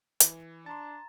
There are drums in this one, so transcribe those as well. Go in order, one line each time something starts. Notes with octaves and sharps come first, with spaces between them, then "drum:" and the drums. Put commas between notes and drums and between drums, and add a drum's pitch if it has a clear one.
E3, drum: hi-hat
D4 A5 A#5 C6 A6